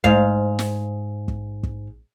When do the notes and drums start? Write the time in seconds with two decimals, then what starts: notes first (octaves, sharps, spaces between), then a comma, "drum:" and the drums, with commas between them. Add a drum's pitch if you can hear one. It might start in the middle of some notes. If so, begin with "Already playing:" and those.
0.04 G#2 F5, drum: kick
0.59 drum: snare
1.28 drum: kick
1.63 drum: kick